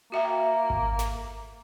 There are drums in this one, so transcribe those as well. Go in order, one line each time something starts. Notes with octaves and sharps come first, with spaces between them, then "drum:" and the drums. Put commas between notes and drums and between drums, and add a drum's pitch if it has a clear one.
A#3 F#4 E5 G5
drum: kick G#1
drum: snare